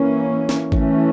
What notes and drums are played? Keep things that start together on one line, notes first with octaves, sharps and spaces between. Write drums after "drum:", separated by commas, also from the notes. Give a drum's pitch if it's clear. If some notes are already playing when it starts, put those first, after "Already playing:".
Already playing: E3 A#3 C#4
drum: snare
E3 A3 C#4, drum: kick G#1